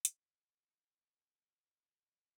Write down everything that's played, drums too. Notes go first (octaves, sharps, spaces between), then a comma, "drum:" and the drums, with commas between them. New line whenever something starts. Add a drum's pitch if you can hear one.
E3 C#4 F#4 D#5, drum: hi-hat
D#4 G5